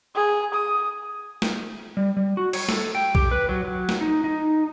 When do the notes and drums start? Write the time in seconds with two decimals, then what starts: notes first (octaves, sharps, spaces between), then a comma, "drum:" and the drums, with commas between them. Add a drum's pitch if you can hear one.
0.15 G#4
0.54 D#6
1.42 drum: snare
1.97 G3
2.17 G3
2.37 F#4
2.53 C#5, drum: cymbal
2.69 A4, drum: snare
2.95 G5
3.15 G4, drum: kick B1
3.31 B4
3.49 F#3
3.65 F#3
3.89 drum: snare
4.01 D#4
4.24 D#4